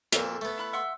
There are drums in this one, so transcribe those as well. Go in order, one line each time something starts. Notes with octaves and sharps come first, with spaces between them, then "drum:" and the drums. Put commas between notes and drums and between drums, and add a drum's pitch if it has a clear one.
F2 A#2 A4 C5, drum: hi-hat
A3 B3
E4 B5 F#6
E5 F#5 C6